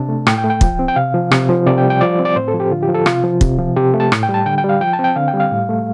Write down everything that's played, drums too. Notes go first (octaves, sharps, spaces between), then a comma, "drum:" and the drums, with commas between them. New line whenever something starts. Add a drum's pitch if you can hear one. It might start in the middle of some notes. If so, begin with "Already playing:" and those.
Already playing: C3 D4 A5
A3
A2 G5, drum: rim click
G5
A3
G5
F3, drum: kick
C4
G5
C3 F5
F3
C3, drum: rim click
F3
C3 D5
G5
G3
G5
F3 D5
C4
D5
A2 C5
A4
F3
G4
D3 F4
G4
F3
A4
C3 F4, drum: rim click
F3
C3, drum: kick
F3
C3 G4
A3
A5
A2, drum: rim click
G5
G3
A5
D3 G5
G5
G3
F5
F3 G5
A5
C4
G5
D3 F5
G5
G3
F5
A2
A3